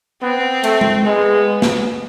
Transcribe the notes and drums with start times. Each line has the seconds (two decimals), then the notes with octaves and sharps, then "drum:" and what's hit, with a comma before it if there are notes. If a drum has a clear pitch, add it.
0.22 B3 C4
0.64 A3, drum: cymbal
0.81 drum: tom G#3
1.05 G#3 B3
1.62 drum: snare